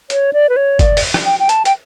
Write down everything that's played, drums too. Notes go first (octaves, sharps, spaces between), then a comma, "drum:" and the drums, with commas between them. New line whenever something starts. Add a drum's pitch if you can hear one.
C#5, drum: hi-hat
D5
B4
C#5
D5, drum: kick, hi-hat
drum: open hi-hat
drum: rim click
G5
G5
A5, drum: hi-hat
G5, drum: hi-hat